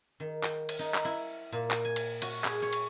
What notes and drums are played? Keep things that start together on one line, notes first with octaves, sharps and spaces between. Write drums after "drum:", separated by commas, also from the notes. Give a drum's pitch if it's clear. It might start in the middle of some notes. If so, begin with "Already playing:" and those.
D#3
G5, drum: clap
drum: cymbal
D#4
drum: clap
E4
A#2
drum: clap
G#5
drum: cymbal
F#4, drum: cymbal
G#4, drum: clap
C#5
drum: cymbal